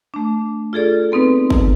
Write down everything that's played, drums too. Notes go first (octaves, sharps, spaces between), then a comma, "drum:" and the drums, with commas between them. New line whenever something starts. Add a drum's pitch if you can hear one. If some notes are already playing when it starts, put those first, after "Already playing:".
A3 D4
F4 G#4 A4 D5
B3 C4 D#4 B4
drum: kick G1